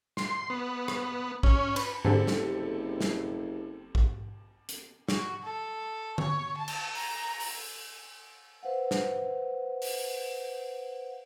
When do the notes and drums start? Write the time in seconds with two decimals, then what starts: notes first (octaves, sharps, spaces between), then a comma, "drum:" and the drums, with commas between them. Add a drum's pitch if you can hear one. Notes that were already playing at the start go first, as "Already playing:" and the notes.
0.17 C6, drum: snare
0.50 B3
0.88 drum: rim click
1.43 C#4, drum: kick A#1
1.76 B4, drum: cymbal
2.04 F#1 G#2 D3 C4 G4 A4
2.27 drum: snare
3.01 drum: snare
3.95 drum: kick A#1
4.69 drum: hi-hat
5.08 F#4, drum: snare
5.43 A4
6.18 C#5, drum: tom D3
6.58 A5
6.68 drum: cymbal
6.95 A#5, drum: open hi-hat
7.40 drum: open hi-hat
8.63 B4 C5 F5 F#5
8.91 drum: snare
9.82 drum: open hi-hat